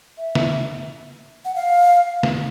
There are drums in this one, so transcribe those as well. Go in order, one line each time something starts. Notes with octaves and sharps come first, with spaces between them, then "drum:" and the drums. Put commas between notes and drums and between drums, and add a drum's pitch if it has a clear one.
E5
drum: snare
F#5
F5
drum: snare